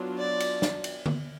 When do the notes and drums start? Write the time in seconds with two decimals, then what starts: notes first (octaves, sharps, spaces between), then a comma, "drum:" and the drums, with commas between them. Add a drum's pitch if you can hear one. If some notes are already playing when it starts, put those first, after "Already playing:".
Already playing: F#3 B3 D4 F4
0.18 D5
0.40 drum: cymbal
0.62 drum: snare
0.84 drum: cymbal
1.06 drum: tom D3